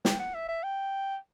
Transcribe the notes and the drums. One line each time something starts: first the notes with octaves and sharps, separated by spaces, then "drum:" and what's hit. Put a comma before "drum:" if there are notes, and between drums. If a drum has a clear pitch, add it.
G5, drum: snare
F#5
E5
E5
G5